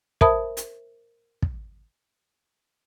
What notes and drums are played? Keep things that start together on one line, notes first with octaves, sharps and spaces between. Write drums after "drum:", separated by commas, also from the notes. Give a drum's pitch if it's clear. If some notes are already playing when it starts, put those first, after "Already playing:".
A#4 C5 E5 A5 B5 D#6, drum: kick
drum: hi-hat
drum: kick